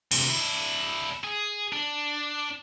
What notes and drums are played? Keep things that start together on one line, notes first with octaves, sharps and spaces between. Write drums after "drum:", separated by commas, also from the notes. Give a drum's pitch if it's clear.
D2 C3, drum: cymbal
D4 E4
G#4
D4